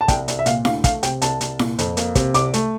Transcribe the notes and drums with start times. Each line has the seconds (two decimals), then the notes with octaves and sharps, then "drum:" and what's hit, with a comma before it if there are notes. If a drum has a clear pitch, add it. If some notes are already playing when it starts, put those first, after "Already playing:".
0.01 A5
0.08 C2 G5, drum: kick, hi-hat
0.28 C2, drum: hi-hat
0.39 E5
0.46 A#2 F5, drum: hi-hat
0.65 D2 F5, drum: snare E4
0.84 A3 F5, drum: kick, hi-hat
1.03 C3 G5, drum: hi-hat
1.22 C2 A5, drum: hi-hat
1.41 C2, drum: hi-hat
1.59 A#2, drum: snare E4
1.79 F2, drum: hi-hat
1.97 A#3, drum: hi-hat
2.15 C3, drum: kick, hi-hat
2.34 C2 D6, drum: hi-hat
2.54 A3, drum: hi-hat